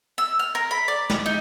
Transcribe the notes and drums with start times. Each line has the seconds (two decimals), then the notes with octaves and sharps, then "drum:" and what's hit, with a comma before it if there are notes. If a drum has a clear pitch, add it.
0.18 E6
0.39 F6
0.55 A#4
0.71 B5
0.88 D5
1.10 D5, drum: snare
1.26 D#4